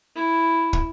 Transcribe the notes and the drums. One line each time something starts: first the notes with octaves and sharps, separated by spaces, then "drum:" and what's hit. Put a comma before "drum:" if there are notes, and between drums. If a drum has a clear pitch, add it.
E4
drum: kick